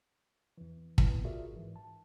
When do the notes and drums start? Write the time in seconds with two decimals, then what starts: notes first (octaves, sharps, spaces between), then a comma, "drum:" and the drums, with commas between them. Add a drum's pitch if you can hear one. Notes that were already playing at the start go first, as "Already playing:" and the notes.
0.58 E2 E3
0.98 A3 B3 E4 B4, drum: kick
1.24 F4 F#4 G#4 A#4 D5 E5
1.53 G#2 E3
1.76 A5